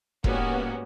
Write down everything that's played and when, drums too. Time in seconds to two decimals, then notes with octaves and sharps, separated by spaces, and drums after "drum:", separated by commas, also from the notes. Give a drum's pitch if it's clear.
0.24 G#2 G3 A#3 B3 C#4 F#4, drum: kick E1